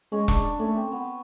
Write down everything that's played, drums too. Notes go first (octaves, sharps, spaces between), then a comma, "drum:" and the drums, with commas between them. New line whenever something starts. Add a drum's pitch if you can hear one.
G#3 C#4
D4, drum: kick E1
D4
A3 C#4
C4
B3